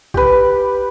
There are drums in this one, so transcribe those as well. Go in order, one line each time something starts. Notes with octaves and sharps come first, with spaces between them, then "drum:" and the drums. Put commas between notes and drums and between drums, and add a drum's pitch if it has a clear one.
G4 B4, drum: kick